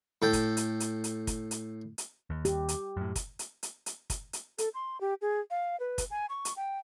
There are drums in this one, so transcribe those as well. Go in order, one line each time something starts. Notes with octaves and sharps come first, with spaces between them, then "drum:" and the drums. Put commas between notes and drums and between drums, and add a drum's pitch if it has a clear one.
A2 A4 G5
drum: kick, hi-hat
drum: hi-hat
drum: hi-hat
drum: hi-hat
drum: kick, hi-hat
drum: hi-hat
drum: hi-hat
D#2
G4, drum: hi-hat
drum: hi-hat
F#2 A2
drum: kick, hi-hat
drum: hi-hat
drum: hi-hat
drum: hi-hat
drum: kick, hi-hat
drum: hi-hat
A4, drum: hi-hat
C6
G4
G#4
F5
B4
drum: kick, hi-hat
G#5
C#6
drum: hi-hat
G5